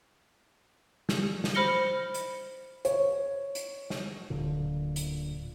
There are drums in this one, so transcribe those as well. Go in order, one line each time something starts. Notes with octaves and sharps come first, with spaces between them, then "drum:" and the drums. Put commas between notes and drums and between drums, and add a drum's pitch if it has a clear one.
drum: snare
drum: snare
C5 B5 F6 A#6 C#7 G7
drum: hi-hat
C#5, drum: hi-hat
drum: hi-hat
drum: snare
D1 A#2 D3
drum: hi-hat